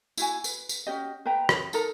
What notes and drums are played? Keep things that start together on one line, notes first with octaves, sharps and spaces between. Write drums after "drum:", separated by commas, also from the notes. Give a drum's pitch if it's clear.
E4 F#4 G#5, drum: tambourine
B4, drum: tambourine
drum: tambourine
C#4 F#4 G4 D#5
B4 E5 G5 A#5
D#5, drum: rim click
D#4 A4 A#4 A#5, drum: tambourine